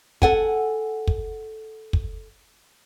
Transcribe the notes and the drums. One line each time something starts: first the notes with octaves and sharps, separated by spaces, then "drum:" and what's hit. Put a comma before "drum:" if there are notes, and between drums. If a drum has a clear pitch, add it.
A4 F#5 G#5, drum: kick
drum: kick
drum: kick